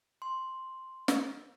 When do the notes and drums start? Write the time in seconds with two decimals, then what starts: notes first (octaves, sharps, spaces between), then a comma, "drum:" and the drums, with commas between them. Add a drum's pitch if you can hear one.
0.22 C6
1.08 drum: snare